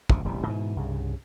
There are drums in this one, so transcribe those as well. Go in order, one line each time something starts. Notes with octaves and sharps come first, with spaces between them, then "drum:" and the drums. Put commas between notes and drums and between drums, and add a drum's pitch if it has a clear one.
F#1 D2 C3, drum: kick
E1 A1 C3 G3
G#2 B2 E3
C2 G2 C#3